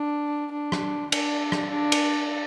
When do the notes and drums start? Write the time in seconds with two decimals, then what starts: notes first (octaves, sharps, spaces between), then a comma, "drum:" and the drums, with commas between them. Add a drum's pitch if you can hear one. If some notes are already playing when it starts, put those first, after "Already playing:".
Already playing: D4
0.52 D4
0.72 drum: rim click
1.12 D4, drum: cymbal
1.52 drum: rim click
1.72 D4
1.92 drum: cymbal